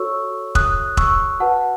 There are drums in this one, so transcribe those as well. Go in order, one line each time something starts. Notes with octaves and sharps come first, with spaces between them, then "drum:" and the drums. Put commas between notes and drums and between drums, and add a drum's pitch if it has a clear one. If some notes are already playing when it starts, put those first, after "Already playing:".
Already playing: F#4 A4 C#5 C#6 E6
D#6 F#6, drum: kick E1
C#6 E6, drum: kick E1
F#4 B4 F#5 A5